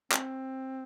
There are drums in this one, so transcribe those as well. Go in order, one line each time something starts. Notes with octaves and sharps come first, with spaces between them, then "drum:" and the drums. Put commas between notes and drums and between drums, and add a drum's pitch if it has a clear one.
C4, drum: clap